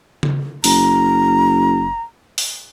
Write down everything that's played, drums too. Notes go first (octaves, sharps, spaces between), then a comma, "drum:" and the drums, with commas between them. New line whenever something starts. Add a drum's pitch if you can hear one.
drum: tom C#3
F#1 A#5, drum: open hi-hat
drum: open hi-hat